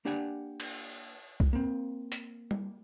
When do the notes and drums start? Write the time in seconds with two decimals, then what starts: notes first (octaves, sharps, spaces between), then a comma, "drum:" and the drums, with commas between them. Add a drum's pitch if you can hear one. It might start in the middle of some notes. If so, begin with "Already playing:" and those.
0.05 A#3 D4 G4 D5 F#5 G#5
0.60 drum: cymbal
1.40 drum: kick
1.53 A#3 C4
2.12 drum: hi-hat
2.51 drum: tom G3